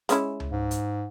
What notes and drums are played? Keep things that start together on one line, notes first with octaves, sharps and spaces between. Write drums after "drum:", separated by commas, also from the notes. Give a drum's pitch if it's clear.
G#3 C#4 E4, drum: hi-hat
drum: tom C#2
G#2
drum: hi-hat